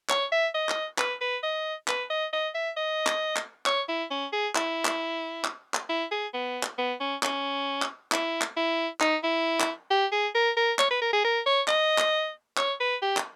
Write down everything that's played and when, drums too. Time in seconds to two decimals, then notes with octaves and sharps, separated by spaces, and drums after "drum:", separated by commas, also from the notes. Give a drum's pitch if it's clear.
0.09 C#5, drum: clap
0.32 E5
0.54 D#5
0.69 drum: clap
0.98 B4, drum: clap
1.21 B4
1.43 D#5
1.88 B4, drum: clap
2.10 D#5
2.33 D#5
2.54 E5
2.77 D#5
3.07 drum: clap
3.36 drum: clap
3.66 C#5, drum: clap
3.88 E4
4.11 C#4
4.32 G#4
4.55 E4, drum: clap
4.85 drum: clap
5.44 drum: clap
5.74 drum: clap
5.89 E4
6.11 G#4
6.33 B3
6.63 drum: clap
6.78 B3
7.00 C#4
7.23 C#4, drum: clap
7.82 drum: clap
8.12 E4, drum: clap
8.41 drum: clap
8.56 E4
9.00 D#4, drum: clap
9.23 E4
9.60 drum: clap
9.90 G4
10.12 G#4
10.35 A#4
10.57 A#4
10.79 C#5, drum: clap
10.91 B4
11.01 A#4
11.13 G#4
11.24 A#4
11.46 C#5
11.68 D#5, drum: clap
11.98 drum: clap
12.57 C#5, drum: clap
12.80 B4
13.02 G4
13.17 drum: clap